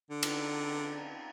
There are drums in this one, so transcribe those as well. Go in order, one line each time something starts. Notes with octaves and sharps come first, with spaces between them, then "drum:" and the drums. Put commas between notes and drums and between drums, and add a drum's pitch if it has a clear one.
D3
drum: cymbal